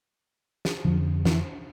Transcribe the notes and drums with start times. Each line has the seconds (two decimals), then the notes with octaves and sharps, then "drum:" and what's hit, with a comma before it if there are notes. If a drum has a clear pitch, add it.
0.65 drum: snare
0.85 F2 D3 F3
1.25 E3, drum: snare